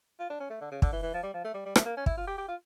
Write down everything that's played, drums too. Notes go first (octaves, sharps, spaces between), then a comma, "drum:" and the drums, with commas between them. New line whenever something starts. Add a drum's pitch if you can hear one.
F4
D4
C#4
A3
D3
C#3
D3, drum: kick
E3
E3
F3
G3
F3
A3
G3
G3
A3, drum: rim click
A#3
C#4
E4, drum: kick
F4
G4
G4
F4